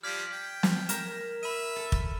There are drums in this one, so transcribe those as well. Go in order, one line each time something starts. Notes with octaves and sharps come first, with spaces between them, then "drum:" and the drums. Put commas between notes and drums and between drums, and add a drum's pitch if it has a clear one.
F3 G3 D5 F6 G#6 B6
G5
drum: snare
A#4 A#5 E7, drum: hi-hat
E5 B5 D#7
A4
drum: kick